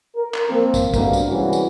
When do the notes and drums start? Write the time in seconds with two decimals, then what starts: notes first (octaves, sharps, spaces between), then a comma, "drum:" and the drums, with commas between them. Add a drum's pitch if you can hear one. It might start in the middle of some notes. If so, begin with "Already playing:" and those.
0.16 A#4
0.34 drum: clap
0.49 F3 A#3 C4
0.74 drum: kick, tambourine
0.94 D2 B2 D3 G3 A#3, drum: kick, tambourine
1.13 drum: tambourine
1.28 C3 E3 G3 G#3 C#4 F#4
1.53 drum: tambourine